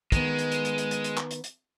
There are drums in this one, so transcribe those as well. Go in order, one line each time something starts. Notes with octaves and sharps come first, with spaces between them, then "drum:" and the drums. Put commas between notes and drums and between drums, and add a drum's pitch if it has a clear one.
D#3 G#3 B3, drum: kick, hi-hat
drum: hi-hat
drum: hi-hat
drum: hi-hat
drum: hi-hat
drum: hi-hat
drum: hi-hat
drum: clap
drum: hi-hat
drum: hi-hat